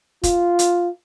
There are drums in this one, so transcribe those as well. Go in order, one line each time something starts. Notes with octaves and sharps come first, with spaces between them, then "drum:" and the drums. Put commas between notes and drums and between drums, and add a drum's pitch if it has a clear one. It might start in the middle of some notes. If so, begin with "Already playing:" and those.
F4, drum: kick F1, hi-hat
drum: hi-hat